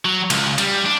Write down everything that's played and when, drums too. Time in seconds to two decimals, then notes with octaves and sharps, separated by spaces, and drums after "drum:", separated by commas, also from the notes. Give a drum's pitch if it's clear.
0.05 F#3
0.30 C#2, drum: cymbal
0.58 G3, drum: cymbal
0.86 D4